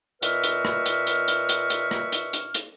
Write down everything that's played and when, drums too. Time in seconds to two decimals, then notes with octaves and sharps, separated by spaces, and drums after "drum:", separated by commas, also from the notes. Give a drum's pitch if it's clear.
0.22 A#2 B4 D#5 E5 C#6 F6, drum: hi-hat
0.44 drum: hi-hat
0.65 drum: rim click
0.86 drum: hi-hat
1.07 drum: hi-hat
1.28 drum: hi-hat
1.49 drum: hi-hat
1.70 drum: hi-hat
1.91 drum: rim click
2.12 drum: hi-hat
2.33 drum: hi-hat
2.54 drum: hi-hat